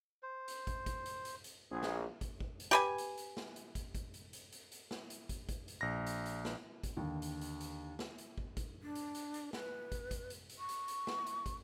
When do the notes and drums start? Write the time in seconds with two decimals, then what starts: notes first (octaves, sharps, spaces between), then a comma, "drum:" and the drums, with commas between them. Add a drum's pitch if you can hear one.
0.23 C5
0.48 drum: hi-hat
0.67 drum: kick, hi-hat
0.86 drum: kick, hi-hat
1.06 drum: hi-hat
1.25 drum: hi-hat
1.44 drum: hi-hat
1.71 A#1 G#4
1.83 drum: snare
2.21 drum: kick, hi-hat
2.40 drum: kick
2.60 drum: hi-hat
2.71 G4 B4 G#5
2.98 drum: hi-hat
3.18 drum: hi-hat
3.37 drum: snare
3.56 drum: hi-hat
3.75 drum: kick, hi-hat
3.95 drum: kick, hi-hat
4.14 drum: hi-hat
4.33 drum: hi-hat
4.52 drum: hi-hat
4.72 drum: hi-hat
4.91 drum: snare
5.10 drum: hi-hat
5.29 drum: kick, hi-hat
5.49 drum: kick, hi-hat
5.68 drum: hi-hat
5.81 A#1 A#6
6.06 drum: hi-hat
6.26 drum: hi-hat
6.45 drum: snare
6.83 drum: kick, hi-hat
6.97 D#2 D3 D#3
7.22 drum: hi-hat
7.41 drum: hi-hat
7.61 drum: hi-hat
7.99 drum: snare
8.18 drum: hi-hat
8.38 drum: kick
8.57 drum: kick, hi-hat
8.82 D4
8.95 drum: hi-hat
9.15 drum: hi-hat
9.34 drum: hi-hat
9.53 B4, drum: snare
9.92 drum: kick, hi-hat
10.11 drum: kick, hi-hat
10.30 drum: hi-hat
10.49 drum: hi-hat
10.59 C#6
10.69 drum: hi-hat
10.88 drum: hi-hat
11.07 drum: snare
11.26 drum: hi-hat
11.46 drum: kick, hi-hat